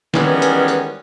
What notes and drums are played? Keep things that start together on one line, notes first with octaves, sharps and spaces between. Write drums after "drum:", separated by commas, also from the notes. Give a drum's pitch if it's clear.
D#3 E3 G3 G#3 B3 C#4, drum: snare
drum: hi-hat
drum: tambourine